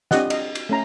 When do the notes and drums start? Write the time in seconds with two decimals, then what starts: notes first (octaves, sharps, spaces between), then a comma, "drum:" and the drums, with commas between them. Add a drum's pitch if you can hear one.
0.11 C4 D4 F4 G4 D#5 F#5, drum: snare
0.30 D#5, drum: cymbal
0.55 drum: cymbal
0.69 A3 C#4 A#5